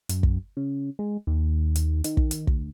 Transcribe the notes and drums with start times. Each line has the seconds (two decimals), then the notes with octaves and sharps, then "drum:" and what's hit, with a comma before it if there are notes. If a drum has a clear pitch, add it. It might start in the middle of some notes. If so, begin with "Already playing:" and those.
0.09 F#2, drum: hi-hat
0.23 drum: kick
0.57 C#3
0.99 G#3
1.27 D#2
1.76 drum: hi-hat
2.04 D#3, drum: hi-hat
2.17 drum: kick
2.31 drum: hi-hat
2.47 D2, drum: kick